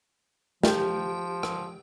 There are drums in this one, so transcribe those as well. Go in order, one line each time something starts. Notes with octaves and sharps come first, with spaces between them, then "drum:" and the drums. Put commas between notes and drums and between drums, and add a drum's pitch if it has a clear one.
F3 G4, drum: snare
drum: rim click